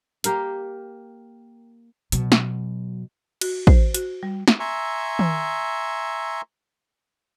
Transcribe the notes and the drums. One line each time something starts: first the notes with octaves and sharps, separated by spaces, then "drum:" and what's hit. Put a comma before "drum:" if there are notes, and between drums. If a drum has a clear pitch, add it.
A#3 G4 A#4 F5, drum: hi-hat
B2 F#3, drum: hi-hat
drum: snare
F#4, drum: cymbal
C5, drum: kick
F#4, drum: hi-hat
G3
drum: snare
E5 G#5 A#5 C6 C#6 E6
drum: tom D#3